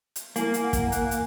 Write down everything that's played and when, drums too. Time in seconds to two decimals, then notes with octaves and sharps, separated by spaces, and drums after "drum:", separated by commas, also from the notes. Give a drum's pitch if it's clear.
0.16 drum: hi-hat
0.36 A#3 E4 G#5 F#7, drum: hi-hat
0.54 drum: hi-hat
0.64 F#5
0.73 drum: kick, hi-hat
0.92 G#5 F#6, drum: hi-hat
1.11 drum: hi-hat